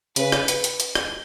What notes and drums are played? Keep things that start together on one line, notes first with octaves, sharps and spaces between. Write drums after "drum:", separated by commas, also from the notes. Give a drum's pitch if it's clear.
C#3 B4, drum: hi-hat
drum: rim click
drum: hi-hat
drum: hi-hat
drum: hi-hat
drum: rim click